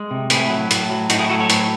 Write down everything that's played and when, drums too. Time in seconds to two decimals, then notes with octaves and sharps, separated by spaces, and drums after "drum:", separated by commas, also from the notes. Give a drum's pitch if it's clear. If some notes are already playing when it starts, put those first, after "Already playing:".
Already playing: G#3
0.11 C3
0.30 A2 E4 G#4, drum: hi-hat
0.50 F#3
0.71 A2, drum: hi-hat
0.91 F#3
1.10 A2 D#4 F#4, drum: hi-hat
1.19 E4 G#4
1.30 F#3 F#4 A4
1.40 A4 C#5
1.50 A2, drum: hi-hat